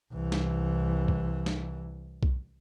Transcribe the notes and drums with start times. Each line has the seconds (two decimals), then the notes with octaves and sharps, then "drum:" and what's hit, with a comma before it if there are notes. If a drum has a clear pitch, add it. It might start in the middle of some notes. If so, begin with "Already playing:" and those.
0.13 C2 E3
0.32 drum: snare
1.08 drum: kick B1
1.46 drum: snare
2.23 drum: kick B1